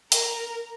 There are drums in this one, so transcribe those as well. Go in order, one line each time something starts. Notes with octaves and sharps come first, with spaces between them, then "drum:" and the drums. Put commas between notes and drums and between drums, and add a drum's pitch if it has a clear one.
A#4, drum: hi-hat